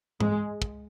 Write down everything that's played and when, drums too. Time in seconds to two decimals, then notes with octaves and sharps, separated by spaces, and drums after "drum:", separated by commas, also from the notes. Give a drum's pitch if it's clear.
0.20 G#3, drum: tom G#2
0.62 drum: kick